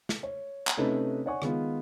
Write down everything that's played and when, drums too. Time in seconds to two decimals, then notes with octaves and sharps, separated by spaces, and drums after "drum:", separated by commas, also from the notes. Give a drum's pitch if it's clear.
0.09 drum: snare
0.23 C#5
0.67 drum: clap
0.77 C3 A3 C#4 D#4 B4
1.26 C#5 D5 F#5 G#5 C#6
1.42 D#3 G#3 B3 F4, drum: rim click